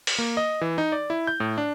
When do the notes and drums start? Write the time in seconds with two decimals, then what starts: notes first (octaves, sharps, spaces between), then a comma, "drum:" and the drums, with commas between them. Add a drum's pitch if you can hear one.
0.07 drum: open hi-hat
0.18 A#3
0.37 D#5
0.61 E3
0.78 D#4
0.92 D5
1.10 E4
1.27 G6
1.40 A2
1.58 D4